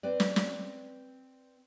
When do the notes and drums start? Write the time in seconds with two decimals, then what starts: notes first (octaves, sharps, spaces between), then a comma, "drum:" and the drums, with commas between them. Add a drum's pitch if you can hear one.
0.03 C4 B4 D5
0.20 drum: snare
0.36 drum: snare